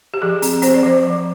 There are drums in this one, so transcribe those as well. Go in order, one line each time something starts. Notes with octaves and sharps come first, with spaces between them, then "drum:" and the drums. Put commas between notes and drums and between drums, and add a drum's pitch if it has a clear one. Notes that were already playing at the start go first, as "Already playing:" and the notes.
G4
F3 G#4
C4, drum: open hi-hat
C4 C5, drum: open hi-hat
D5
F3 C5
F3